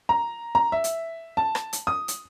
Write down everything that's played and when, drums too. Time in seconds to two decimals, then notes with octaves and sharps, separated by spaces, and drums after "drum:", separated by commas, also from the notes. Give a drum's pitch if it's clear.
0.09 A#5
0.55 A#5
0.72 E5
0.84 drum: hi-hat
1.37 A5
1.55 drum: rim click
1.73 drum: hi-hat
1.87 D#6
2.08 drum: hi-hat